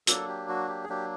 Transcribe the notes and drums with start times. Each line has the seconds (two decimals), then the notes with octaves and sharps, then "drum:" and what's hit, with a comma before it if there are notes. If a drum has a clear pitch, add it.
0.07 F#3 A#3 D4 A4, drum: hi-hat
0.28 G4
0.49 F#4
0.69 G4
0.84 G#4
0.89 F#3 A#3 D4 G4